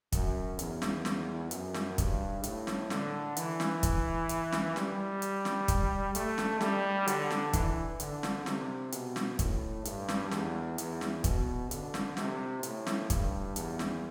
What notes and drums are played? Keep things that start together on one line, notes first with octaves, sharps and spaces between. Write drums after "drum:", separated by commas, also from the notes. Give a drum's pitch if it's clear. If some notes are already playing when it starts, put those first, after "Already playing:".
F#2, drum: kick, hi-hat
E2, drum: hi-hat
drum: snare
drum: snare
F#2, drum: hi-hat
drum: snare
G2, drum: kick, hi-hat
A2, drum: hi-hat
drum: snare
D3, drum: snare
E3, drum: hi-hat
drum: snare
drum: kick, hi-hat
drum: hi-hat
drum: snare
G3, drum: snare
drum: hi-hat
drum: snare
drum: kick, hi-hat
A3, drum: hi-hat
drum: snare
G3, drum: snare
D3, drum: hi-hat
drum: snare
E3, drum: kick, hi-hat
D3, drum: hi-hat
drum: snare
C3, drum: snare
B2, drum: hi-hat
drum: snare
A2, drum: kick, hi-hat
G2, drum: hi-hat
drum: snare
E2, drum: snare
E2, drum: hi-hat
drum: snare
B2, drum: kick, hi-hat
D3, drum: hi-hat
drum: snare
C3, drum: snare
A2, drum: hi-hat
drum: snare
G2, drum: kick, hi-hat
E2, drum: hi-hat
drum: snare